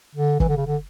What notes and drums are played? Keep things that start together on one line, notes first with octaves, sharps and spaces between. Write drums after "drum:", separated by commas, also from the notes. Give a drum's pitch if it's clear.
D3
E3, drum: kick
D3
C#3
D3